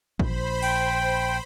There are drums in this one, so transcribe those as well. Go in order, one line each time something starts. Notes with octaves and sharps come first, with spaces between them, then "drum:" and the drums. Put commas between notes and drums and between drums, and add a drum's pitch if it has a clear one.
A#1 C5 B5, drum: kick G#1
G5, drum: cymbal